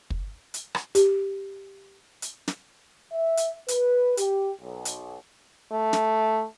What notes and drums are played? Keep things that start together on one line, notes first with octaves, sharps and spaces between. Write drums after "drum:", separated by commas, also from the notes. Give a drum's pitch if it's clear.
drum: kick
drum: hi-hat
drum: rim click
G4, drum: hi-hat
drum: hi-hat
drum: snare
E5
drum: hi-hat
B4, drum: hi-hat
G4, drum: hi-hat
B1
drum: hi-hat
A3
drum: snare